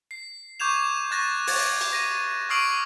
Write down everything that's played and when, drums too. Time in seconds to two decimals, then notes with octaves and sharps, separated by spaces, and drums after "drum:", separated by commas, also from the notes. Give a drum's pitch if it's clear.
0.11 C7
0.60 C#6 D6 G6 G#6 E7 F7
1.11 C#6 F#6 A6 A#6 E7
1.47 C#6 G#6 A6, drum: open hi-hat
1.81 drum: cymbal
1.93 A#6 D#7
2.49 C#6 D#6 F6 C7 D7 F#7